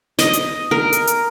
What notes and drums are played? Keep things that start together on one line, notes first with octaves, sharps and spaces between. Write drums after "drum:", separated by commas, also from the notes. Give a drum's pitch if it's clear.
D#5, drum: snare
drum: hi-hat
A#4
drum: hi-hat
drum: hi-hat